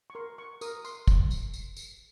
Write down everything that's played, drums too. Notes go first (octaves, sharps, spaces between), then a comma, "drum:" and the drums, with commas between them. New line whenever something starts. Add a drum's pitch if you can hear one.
C#6
A#4 C6
C#6
A#4 D#6, drum: tambourine
C6, drum: tambourine
drum: kick, tambourine
drum: tambourine
drum: tambourine
drum: tambourine